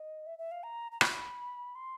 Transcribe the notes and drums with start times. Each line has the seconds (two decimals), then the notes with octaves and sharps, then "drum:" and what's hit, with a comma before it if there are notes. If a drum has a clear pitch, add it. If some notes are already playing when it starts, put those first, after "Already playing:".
Already playing: D#5
0.27 E5
0.39 E5
0.52 F5
0.63 A#5
0.92 A#5
1.01 B5, drum: rim click
1.75 C6